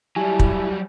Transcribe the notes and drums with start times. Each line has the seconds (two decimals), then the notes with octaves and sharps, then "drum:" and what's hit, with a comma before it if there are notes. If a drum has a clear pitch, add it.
0.16 F#3 G3 E4 G4 G#5 A5
0.39 drum: kick